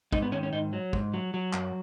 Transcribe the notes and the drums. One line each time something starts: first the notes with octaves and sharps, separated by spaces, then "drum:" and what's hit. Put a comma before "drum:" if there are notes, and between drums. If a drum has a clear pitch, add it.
G#2 D#4, drum: kick
B3
D#3 C#4
C#4
G#2 D#4
F#3
G#2, drum: kick
F#3
F#3
F#2, drum: clap